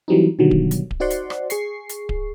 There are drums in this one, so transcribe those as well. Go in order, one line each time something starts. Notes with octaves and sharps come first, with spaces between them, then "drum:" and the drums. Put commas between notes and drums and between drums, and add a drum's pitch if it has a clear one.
E3 F#3 G3 C4 D#4
B2 D3 D#3 F#3 G3
drum: kick D1
drum: hi-hat
drum: kick D1
D#4 F#4 C5 D5 F#5 C6
drum: hi-hat
drum: rim click
G#4 C#6 C7, drum: hi-hat
drum: hi-hat
drum: kick D1